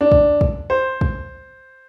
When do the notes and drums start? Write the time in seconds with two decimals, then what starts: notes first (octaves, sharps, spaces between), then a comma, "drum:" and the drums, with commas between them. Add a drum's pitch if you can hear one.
0.01 D4
0.12 drum: kick
0.41 drum: kick
0.70 C5
1.01 drum: kick